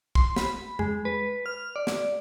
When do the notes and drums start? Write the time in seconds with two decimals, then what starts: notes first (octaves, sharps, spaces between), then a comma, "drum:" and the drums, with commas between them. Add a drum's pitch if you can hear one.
0.15 C6, drum: kick
0.36 B5, drum: snare
0.79 G#3, drum: tom F2
1.05 B4
1.46 F6
1.76 D5
1.87 drum: snare